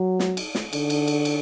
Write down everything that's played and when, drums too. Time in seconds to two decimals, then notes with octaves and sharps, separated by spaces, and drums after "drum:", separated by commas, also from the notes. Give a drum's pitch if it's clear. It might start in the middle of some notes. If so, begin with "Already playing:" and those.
Already playing: F#3
0.19 drum: snare
0.37 drum: cymbal
0.55 drum: snare
0.73 D3, drum: cymbal
0.90 drum: cymbal
1.08 drum: cymbal
1.25 drum: cymbal